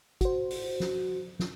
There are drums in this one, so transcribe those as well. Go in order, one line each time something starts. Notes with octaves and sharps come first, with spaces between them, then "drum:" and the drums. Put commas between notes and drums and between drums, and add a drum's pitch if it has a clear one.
F#4 C5, drum: kick, hi-hat
drum: open hi-hat
drum: snare
drum: snare